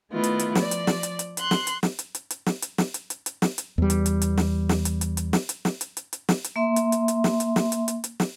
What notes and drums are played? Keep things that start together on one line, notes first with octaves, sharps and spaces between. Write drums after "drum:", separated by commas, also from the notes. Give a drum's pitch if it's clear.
D#3 A3 B3 E4 F4
drum: hi-hat
drum: hi-hat
F3 D5, drum: snare
drum: hi-hat
drum: snare
drum: hi-hat
drum: hi-hat
C6 F#6, drum: hi-hat
drum: snare
drum: hi-hat
drum: snare
drum: hi-hat
drum: hi-hat
drum: hi-hat
drum: snare
drum: hi-hat
drum: snare
drum: hi-hat
drum: hi-hat
drum: hi-hat
drum: snare
drum: hi-hat
E2 G3
drum: hi-hat
drum: hi-hat
drum: hi-hat
drum: snare
drum: snare
drum: hi-hat
drum: hi-hat
drum: hi-hat
drum: snare
drum: hi-hat
drum: snare
drum: hi-hat
drum: hi-hat
drum: hi-hat
drum: snare
drum: hi-hat
A#3 E5 C6
drum: hi-hat
drum: hi-hat
drum: hi-hat
drum: snare
drum: hi-hat
drum: snare
drum: hi-hat
drum: hi-hat
drum: hi-hat
drum: snare